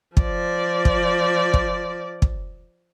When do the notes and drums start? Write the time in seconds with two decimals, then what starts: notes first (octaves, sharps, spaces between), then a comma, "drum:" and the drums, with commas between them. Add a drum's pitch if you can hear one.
0.17 F3 D5, drum: kick
0.85 drum: kick
1.54 drum: kick
2.22 drum: kick